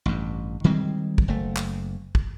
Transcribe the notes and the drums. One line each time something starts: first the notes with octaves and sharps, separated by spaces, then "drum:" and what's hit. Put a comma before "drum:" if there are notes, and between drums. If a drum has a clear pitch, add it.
A1 G2
D#3 G3 G#3 C4
drum: kick
F#1 A3
drum: clap
drum: kick